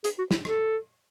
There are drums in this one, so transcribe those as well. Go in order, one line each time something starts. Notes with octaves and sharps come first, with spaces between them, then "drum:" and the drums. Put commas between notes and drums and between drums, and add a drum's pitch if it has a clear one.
G#4, drum: hi-hat
F#4
E4, drum: snare
A4, drum: rim click